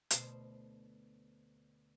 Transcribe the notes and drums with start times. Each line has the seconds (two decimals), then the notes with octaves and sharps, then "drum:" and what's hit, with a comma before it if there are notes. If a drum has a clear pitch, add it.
0.11 D2 B2 C5, drum: hi-hat